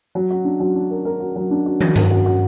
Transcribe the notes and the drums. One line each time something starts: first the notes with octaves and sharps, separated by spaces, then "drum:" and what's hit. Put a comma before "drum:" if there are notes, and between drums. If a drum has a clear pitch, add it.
F#3
F#4
D4
F#3
D4
A#4
A#4
F#4
F#3
D4
F#4
F#3, drum: tom
A#4, drum: tom G2
F#4
F#4